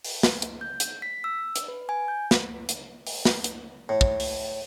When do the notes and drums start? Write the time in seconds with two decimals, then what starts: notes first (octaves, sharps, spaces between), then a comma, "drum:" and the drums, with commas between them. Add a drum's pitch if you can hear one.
0.05 drum: open hi-hat
0.23 drum: snare
0.42 drum: hi-hat
0.61 G6
0.80 drum: hi-hat
1.02 B6
1.24 E6
1.56 drum: hi-hat
1.68 B4
1.89 G#5
2.08 G6
2.31 drum: snare
2.69 drum: hi-hat
3.07 drum: open hi-hat
3.25 drum: snare
3.44 drum: hi-hat
3.89 A2
4.01 drum: kick
4.20 drum: open hi-hat